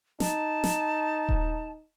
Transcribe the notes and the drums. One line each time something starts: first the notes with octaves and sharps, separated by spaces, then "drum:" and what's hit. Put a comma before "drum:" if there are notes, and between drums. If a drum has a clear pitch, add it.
D#4 A5, drum: snare
drum: snare
drum: kick D#1